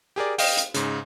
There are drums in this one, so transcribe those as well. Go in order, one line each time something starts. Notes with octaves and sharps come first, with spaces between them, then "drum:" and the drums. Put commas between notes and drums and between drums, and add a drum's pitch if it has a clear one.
G4 G#4 A#4 D5
D#5 F5 G5, drum: open hi-hat
drum: hi-hat
G#2 C#3, drum: hi-hat